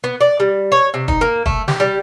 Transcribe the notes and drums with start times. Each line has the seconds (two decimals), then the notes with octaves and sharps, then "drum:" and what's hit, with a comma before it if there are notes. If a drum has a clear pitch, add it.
0.04 B3
0.21 D5
0.40 G3
0.72 C#5
0.94 C3
1.08 D#4, drum: kick
1.21 A#3
1.46 A3, drum: kick
1.68 G4, drum: snare
1.80 G3